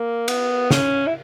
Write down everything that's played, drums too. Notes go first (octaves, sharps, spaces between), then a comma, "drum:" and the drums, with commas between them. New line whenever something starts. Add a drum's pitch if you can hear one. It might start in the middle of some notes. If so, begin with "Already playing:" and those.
Already playing: A#3
B3, drum: cymbal
C#4, drum: snare
E4